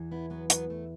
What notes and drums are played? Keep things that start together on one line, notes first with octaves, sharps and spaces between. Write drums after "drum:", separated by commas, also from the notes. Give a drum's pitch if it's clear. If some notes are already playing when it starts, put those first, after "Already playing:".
Already playing: E2 E3
B3 E4
F#3 B3
F#3 B3, drum: hi-hat
A3